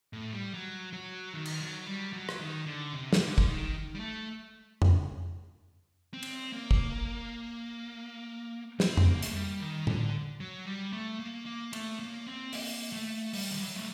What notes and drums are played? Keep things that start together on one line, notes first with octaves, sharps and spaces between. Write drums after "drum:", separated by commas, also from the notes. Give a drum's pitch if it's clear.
A2
G3
F#3
F#3
D#3
drum: cymbal
F#3
G3
F#3
drum: rim click
D#3
D3
C3
D#3, drum: snare
D3
drum: kick
D#3
G3
A3
drum: tom F2
C4
drum: cymbal
A#3
drum: kick
C4, drum: snare
drum: tom F2
A#3
A3, drum: hi-hat
G3
D#3
D3, drum: tom
F#3
G3
A3
A#3
A#3
A3, drum: cymbal
A#3
C4
A#3, drum: open hi-hat
A3
G3, drum: open hi-hat
D#3
F#3
A3